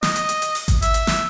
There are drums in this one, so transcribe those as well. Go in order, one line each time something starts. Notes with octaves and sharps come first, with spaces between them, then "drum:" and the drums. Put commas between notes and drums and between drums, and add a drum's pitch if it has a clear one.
D#5, drum: snare
drum: hi-hat
drum: hi-hat
drum: hi-hat
drum: open hi-hat
drum: kick G#1, hi-hat
E5, drum: hi-hat
drum: hi-hat
drum: snare